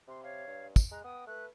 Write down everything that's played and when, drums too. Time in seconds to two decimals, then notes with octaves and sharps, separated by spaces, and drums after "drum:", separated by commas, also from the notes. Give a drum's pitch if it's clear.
0.08 C3 C6
0.23 C#5 F5
0.47 G2
0.76 drum: kick, tambourine
0.91 G#3 A#5 F#6
1.04 B3 G5 D#6
1.27 A3 B4 F#6